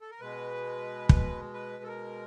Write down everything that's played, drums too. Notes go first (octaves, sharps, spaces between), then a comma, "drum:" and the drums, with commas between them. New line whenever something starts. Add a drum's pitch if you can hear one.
A4
A#4
B2 G#3 B4
drum: kick
B4
A4
A#4